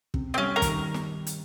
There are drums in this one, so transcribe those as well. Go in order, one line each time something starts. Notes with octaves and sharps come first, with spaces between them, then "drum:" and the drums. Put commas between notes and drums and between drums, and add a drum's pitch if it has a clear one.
C3, drum: kick
C4
G3 C#4
A#4
D#3, drum: kick, hi-hat
drum: snare
drum: hi-hat